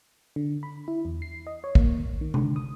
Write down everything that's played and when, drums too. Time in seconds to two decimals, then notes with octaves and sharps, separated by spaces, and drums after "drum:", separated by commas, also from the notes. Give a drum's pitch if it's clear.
0.36 D3
0.63 B5
0.88 E4
1.05 E2
1.22 C7
1.47 D#5
1.64 C#5
1.75 A#3, drum: kick
2.05 A1
2.21 D#3
2.34 D3, drum: tom C3
2.56 D#6